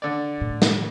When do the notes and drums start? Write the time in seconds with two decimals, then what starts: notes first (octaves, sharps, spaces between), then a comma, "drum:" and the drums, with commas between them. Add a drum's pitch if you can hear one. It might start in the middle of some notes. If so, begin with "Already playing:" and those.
0.02 D3 D5
0.41 A2
0.62 drum: snare